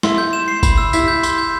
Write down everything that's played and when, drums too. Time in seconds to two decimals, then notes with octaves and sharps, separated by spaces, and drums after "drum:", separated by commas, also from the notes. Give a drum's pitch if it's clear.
0.03 E4 C6, drum: snare
0.18 G6
0.33 E7
0.48 C7
0.63 B5, drum: kick G1, tambourine
0.78 E6
0.93 E4 B6, drum: tambourine
1.08 G6
1.23 C6, drum: tambourine
1.38 G6